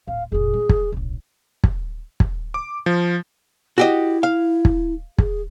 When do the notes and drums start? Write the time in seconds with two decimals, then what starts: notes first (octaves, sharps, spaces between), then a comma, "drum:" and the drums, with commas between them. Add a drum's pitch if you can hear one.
0.07 D1 F5
0.32 F1 A#1 G#4
0.54 G#3
0.69 drum: kick
0.92 D1 B1
1.64 drum: kick
2.20 drum: kick
2.54 D6
2.86 F3
3.78 E4 F#4 G4 D#5
4.23 F5
4.65 drum: kick
5.18 G#4, drum: kick